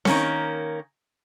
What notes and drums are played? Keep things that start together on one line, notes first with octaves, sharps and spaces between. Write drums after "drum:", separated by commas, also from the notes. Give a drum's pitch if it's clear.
D#3 A#3 C#4, drum: snare C4